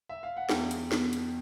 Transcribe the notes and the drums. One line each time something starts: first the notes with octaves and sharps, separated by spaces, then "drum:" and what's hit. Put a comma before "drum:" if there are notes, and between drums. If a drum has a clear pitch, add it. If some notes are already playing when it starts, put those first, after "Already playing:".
E5
F5
F#5
E2 G5, drum: snare
drum: hi-hat
B2, drum: snare
drum: hi-hat